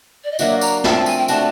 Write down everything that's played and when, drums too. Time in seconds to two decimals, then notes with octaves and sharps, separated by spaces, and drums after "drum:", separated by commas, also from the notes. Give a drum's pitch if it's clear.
0.24 D5
0.31 D#5
0.39 F#3 A#3 D4 F#4 E5, drum: tambourine
0.61 A#5, drum: tambourine
0.84 F3 A3 C4 A5, drum: snare
0.94 A5
1.06 G#5, drum: tambourine
1.17 G5
1.28 A3 D4 F#4 A5, drum: tambourine